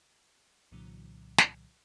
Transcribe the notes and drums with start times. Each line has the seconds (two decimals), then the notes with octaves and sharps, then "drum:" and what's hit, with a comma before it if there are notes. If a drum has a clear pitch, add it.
0.72 C2 A#2 D3 E3 F#3
1.38 drum: snare